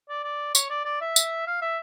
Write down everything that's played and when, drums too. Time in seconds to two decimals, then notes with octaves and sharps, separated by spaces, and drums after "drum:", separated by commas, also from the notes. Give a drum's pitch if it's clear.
0.09 D5
0.24 D5
0.55 C#5, drum: tambourine
0.70 D5
0.85 D5
1.01 E5
1.16 drum: tambourine
1.47 F5
1.62 E5